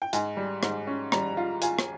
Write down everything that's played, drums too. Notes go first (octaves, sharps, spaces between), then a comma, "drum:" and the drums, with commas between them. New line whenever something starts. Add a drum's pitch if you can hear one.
G5
G#2 G#5, drum: hi-hat
G3
G#2, drum: rim click
C#4
G3 A#5, drum: rim click
F4
F4 G#5, drum: hi-hat
drum: rim click